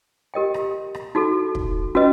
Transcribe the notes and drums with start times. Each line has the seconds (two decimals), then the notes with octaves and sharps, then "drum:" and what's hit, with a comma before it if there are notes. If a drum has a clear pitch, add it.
0.34 G4 A#4 D#5 G5
0.54 drum: rim click
0.95 drum: rim click
1.15 D#4 F#4 A4
1.55 drum: kick
1.95 C#4 F#4 B4 D#5